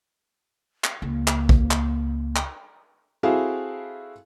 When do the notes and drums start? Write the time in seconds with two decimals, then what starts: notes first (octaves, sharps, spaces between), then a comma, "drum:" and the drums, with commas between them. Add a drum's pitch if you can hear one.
0.84 drum: clap
1.02 C#2 A#3
1.28 drum: clap
1.49 drum: kick A#1
1.71 drum: clap
2.36 drum: clap
3.23 C4 E4 F#4 G#4 A4 F5